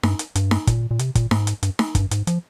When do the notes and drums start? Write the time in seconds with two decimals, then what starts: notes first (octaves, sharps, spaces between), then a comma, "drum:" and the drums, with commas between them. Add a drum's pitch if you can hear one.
0.03 G2, drum: snare D#4
0.19 drum: hi-hat
0.35 G2, drum: hi-hat
0.51 drum: snare D#4
0.67 A#2, drum: kick, hi-hat
0.91 A#2
0.99 C3, drum: hi-hat
1.15 A#2, drum: kick, hi-hat
1.31 G#2, drum: snare D#4
1.47 drum: hi-hat
1.63 G2, drum: hi-hat
1.79 drum: snare D#4
1.95 G2, drum: kick, hi-hat
2.11 G#2, drum: hi-hat
2.27 F3, drum: hi-hat